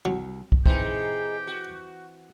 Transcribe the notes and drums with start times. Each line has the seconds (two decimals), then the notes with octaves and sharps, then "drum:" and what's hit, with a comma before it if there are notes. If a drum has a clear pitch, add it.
0.05 C2 F#3
0.52 drum: kick
0.66 E3 G#3 C4 D#4 G4, drum: kick
1.47 F#4